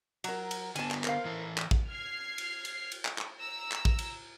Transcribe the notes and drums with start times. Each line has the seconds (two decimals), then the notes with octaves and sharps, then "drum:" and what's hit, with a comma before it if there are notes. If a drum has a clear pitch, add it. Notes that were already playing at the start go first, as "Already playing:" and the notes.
0.24 F#3 A#4, drum: cymbal
0.51 drum: cymbal
0.76 D3 B3 G#5 A5, drum: cymbal
0.91 drum: clap
1.04 A#4 C5 F5, drum: clap
1.25 E3 E4 A4
1.58 drum: clap
1.71 drum: kick
1.89 F6 G#6 C7
2.38 drum: cymbal
2.65 drum: cymbal
2.92 drum: cymbal
3.05 drum: clap
3.18 drum: clap
3.38 A#5 E6
3.72 drum: clap
3.85 drum: kick
3.99 drum: cymbal